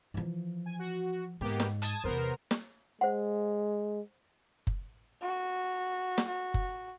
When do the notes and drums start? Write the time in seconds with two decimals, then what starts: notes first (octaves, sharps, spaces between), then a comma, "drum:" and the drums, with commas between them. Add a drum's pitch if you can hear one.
0.14 E3 F3
0.66 G#5
0.79 F#4
1.41 G#2 A#3 B3 G4
1.60 drum: snare
1.82 A5 D#6 G#6, drum: hi-hat
2.04 E2 C3 B3 A#4 C5
2.51 drum: snare
3.01 G#3 C5 F#5
4.67 drum: kick F#1
5.22 F#4
6.18 drum: snare
6.27 F#4
6.54 drum: kick F#1